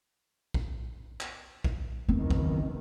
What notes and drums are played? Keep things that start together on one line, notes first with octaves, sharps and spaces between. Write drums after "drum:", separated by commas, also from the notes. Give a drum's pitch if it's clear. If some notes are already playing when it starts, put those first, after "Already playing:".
drum: kick A#1
drum: clap
drum: kick A#1
F#1 E2 D#3 C4
drum: kick A#1